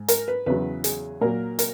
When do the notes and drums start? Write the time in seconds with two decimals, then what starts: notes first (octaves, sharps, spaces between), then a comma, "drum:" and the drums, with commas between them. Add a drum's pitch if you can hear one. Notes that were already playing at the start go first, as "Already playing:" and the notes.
Already playing: G#2
0.08 A#4, drum: hi-hat
0.28 B4
0.46 E2 C#3 F#3 B4
0.84 G#4, drum: hi-hat
1.21 A#2 F#3 A#4
1.59 A#4, drum: hi-hat